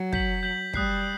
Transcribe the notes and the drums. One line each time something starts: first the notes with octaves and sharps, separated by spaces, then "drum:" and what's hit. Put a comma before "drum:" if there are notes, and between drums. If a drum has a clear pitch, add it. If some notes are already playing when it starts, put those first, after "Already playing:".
Already playing: F#3
G6 B6 F#7, drum: kick
G6 B6 F#7
G3 D#6 F#6 C7, drum: kick